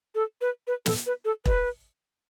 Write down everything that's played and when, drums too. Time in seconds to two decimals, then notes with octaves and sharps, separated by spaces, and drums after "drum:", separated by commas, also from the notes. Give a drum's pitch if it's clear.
0.15 A4
0.41 B4
0.67 B4
0.86 A4, drum: snare
1.06 B4
1.25 A4
1.46 B4, drum: kick E1